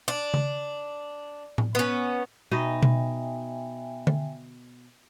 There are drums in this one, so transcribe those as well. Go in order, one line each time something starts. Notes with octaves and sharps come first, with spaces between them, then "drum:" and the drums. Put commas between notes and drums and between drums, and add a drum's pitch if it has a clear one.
D4
drum: tom C#3
drum: tom A2
B3 C#4
B2 D#4 D#5 E5 G5 G#5
drum: tom B2
drum: tom D3